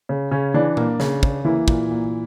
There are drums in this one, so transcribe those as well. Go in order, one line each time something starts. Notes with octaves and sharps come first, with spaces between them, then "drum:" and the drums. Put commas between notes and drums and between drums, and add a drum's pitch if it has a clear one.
C#3
C#3 C#4
E3 D4
A#3, drum: tom A#2
C#3, drum: snare
C#3, drum: kick
E3 A#3 E4
A#2, drum: kick
A#2